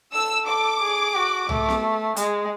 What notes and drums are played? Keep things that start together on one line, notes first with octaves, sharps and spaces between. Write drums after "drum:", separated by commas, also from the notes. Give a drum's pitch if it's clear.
A4 E6
A4 D6
G#4
F#4
A3, drum: tom C2
drum: snare B3
G#3, drum: hi-hat